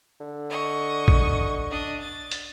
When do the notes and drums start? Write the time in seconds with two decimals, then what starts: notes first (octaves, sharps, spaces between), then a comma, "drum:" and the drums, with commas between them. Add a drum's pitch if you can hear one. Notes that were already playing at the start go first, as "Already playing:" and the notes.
0.20 D3
0.50 D#5 C#6
1.08 drum: kick
1.71 D4 D#5
2.01 A6
2.32 drum: hi-hat